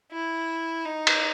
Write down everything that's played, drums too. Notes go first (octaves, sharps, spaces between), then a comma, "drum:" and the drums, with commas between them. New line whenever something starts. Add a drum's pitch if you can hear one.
E4
D#4
drum: cymbal